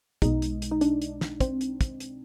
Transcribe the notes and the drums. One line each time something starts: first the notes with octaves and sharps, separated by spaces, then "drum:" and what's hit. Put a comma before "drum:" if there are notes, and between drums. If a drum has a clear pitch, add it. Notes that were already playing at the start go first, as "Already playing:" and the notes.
B1 B2 G#3 D#4, drum: kick, hi-hat
drum: hi-hat
drum: hi-hat
D#4
D4, drum: hi-hat
drum: hi-hat
drum: snare
C4, drum: kick, hi-hat
drum: hi-hat
drum: kick, hi-hat
drum: hi-hat